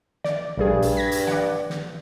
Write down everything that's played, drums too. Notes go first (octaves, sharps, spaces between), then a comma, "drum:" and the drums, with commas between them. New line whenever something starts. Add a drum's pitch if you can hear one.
D5, drum: snare
A#1 G2 G3 G#4
drum: hi-hat
G#6 A#6 B6
drum: hi-hat
D5 F#5, drum: snare
drum: snare